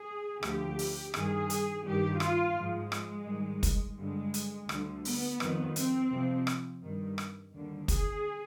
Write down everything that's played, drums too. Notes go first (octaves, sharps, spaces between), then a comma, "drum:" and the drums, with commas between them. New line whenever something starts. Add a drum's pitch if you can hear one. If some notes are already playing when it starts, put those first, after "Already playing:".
Already playing: G#4
D2 D3 F3 G4, drum: rim click
drum: open hi-hat
G2 D#3 G3 G#4, drum: rim click
drum: hi-hat
G2 D#3 G3 G4
F4, drum: rim click
G#2 F3 G#3
drum: rim click
G#2 D#3 G3
drum: kick, hi-hat
G2 D3 G3 G#3
drum: hi-hat
D2 D3 G3, drum: rim click
B3, drum: open hi-hat
F2 D#3 G3, drum: rim click
C4, drum: hi-hat
F2 C3 F3
drum: rim click
G2 D#3 G3
drum: rim click
D#2 D3 G3
G#4, drum: kick, hi-hat